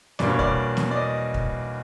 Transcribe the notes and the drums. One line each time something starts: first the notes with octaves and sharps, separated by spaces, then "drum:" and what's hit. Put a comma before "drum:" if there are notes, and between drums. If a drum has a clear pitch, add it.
E2 B2 G3 A#3 D4 D5, drum: snare
C#5
D5, drum: kick
drum: snare
D5
D#5
drum: kick